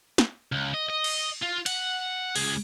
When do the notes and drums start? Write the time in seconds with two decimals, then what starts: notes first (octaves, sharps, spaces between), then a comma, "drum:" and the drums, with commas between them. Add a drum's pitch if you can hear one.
0.18 drum: snare
0.52 C#2
0.74 D#5
0.90 D#5
1.04 drum: cymbal
1.43 F4
1.66 F#5, drum: cymbal
2.36 C#2 G#4, drum: open hi-hat